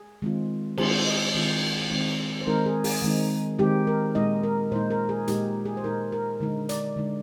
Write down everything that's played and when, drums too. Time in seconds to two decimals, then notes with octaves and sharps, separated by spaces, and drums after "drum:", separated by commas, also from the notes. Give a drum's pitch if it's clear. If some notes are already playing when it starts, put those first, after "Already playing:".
Already playing: G#4
0.22 D#3 G#3 C4 F4
0.78 D#3 G#3 C4 F4 C5, drum: cymbal
1.07 D#5
1.34 D#3 G#3 C4 F4
1.90 D#3 G#3 C4 D#4
2.41 C5
2.46 D#3 G#3 C4 D#4 A#4
2.66 G#4
2.84 G#4, drum: open hi-hat
3.02 D#3 G#3 C4 D#4
3.59 D#3 G#3 C4 D#4 G4
3.87 A#4
4.15 A#2 G#3 D#4 D#5
4.43 A#4
4.71 A#2 G#3 D#4 C5
4.91 A#4
5.09 G#4
5.28 A#2 G#3 D#4 G4, drum: hi-hat
5.66 G#4
5.77 C5
5.84 A#2 G#3 D#4 A#4
6.12 A#4
6.40 D3 G#3 D#4
6.69 D5, drum: hi-hat
6.97 D3 G#3 D#4